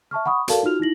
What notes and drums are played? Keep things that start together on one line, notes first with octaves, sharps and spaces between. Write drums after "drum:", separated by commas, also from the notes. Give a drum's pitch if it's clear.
E5 A5 C#6 F6
F#5 B5 C#6 D#6
F#4 A4 A#4 D5 F5 A5, drum: hi-hat
D#4 F4 F#4 F6 F7
D#4 E4 A#6 F#7